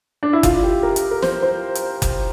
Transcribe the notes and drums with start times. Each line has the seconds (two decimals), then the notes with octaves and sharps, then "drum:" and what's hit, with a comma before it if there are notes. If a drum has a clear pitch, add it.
0.23 D4
0.33 E4
0.43 F4, drum: kick F#1, hi-hat
0.63 G4
0.83 A#4
0.96 drum: hi-hat
1.11 A#4
1.22 C5, drum: snare
1.42 C5
1.75 drum: hi-hat
2.02 drum: kick F#1, hi-hat